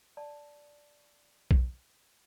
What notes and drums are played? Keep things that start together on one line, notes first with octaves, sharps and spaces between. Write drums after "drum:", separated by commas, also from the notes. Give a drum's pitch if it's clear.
D5 A5
drum: kick B1